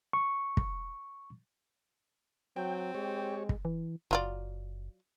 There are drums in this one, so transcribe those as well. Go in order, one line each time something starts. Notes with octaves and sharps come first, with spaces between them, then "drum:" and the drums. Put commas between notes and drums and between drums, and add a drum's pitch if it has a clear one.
C#6
drum: kick
F#3 C4 G5
G#3 G4 C#5
drum: kick
E3
F#1 F#3 F4 D5